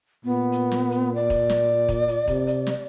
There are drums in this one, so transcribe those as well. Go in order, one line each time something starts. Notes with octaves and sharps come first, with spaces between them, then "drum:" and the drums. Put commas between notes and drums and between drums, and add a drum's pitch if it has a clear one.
A#2 B3
drum: hi-hat
drum: snare
drum: hi-hat
D5
drum: kick, hi-hat
drum: snare
drum: kick, hi-hat
drum: hi-hat
C3, drum: kick, hi-hat
drum: hi-hat
drum: snare